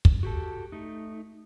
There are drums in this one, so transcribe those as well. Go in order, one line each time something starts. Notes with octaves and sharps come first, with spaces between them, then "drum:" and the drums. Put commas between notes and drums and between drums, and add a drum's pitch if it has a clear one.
drum: kick
F#4 G4 A4
A3 D#4